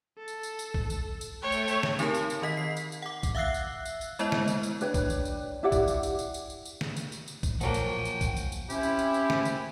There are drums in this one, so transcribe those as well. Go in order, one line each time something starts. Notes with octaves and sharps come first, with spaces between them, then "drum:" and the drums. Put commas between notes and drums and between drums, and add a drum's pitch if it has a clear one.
A4
drum: tambourine
drum: tambourine
drum: tambourine
drum: kick
drum: tambourine
drum: tambourine
A3 C#5 G5 C#6
drum: tambourine
drum: tambourine
drum: snare
C4 D#4 G4 A#4 A5, drum: tambourine
drum: tambourine
drum: tambourine
D#3 D#5 B6
C7
drum: tambourine
drum: tambourine
F#5 D6
drum: kick, tambourine
E5 F5 E6 F#6 C7
drum: tambourine
drum: tambourine
drum: tambourine
G#3 B3 E4 C5 D#5, drum: tambourine
drum: snare
drum: tambourine
drum: tambourine
D4 B4 C#5 G5, drum: tambourine
drum: kick, tambourine
drum: tambourine
drum: tambourine
E4 G4 D5 F#5
drum: kick, tambourine
drum: tambourine
drum: tambourine
drum: tambourine
drum: tambourine
drum: tambourine
drum: tambourine
drum: snare
drum: tambourine
drum: tambourine
drum: tambourine
drum: kick, tambourine
A#2 F3 F#3 A#3 F#5 G5, drum: tambourine
drum: tambourine
drum: tambourine
drum: kick, tambourine
drum: tambourine
drum: tambourine
C4 C#4 E4 G4, drum: tambourine
drum: tambourine
drum: tambourine
drum: tambourine
drum: snare
drum: tambourine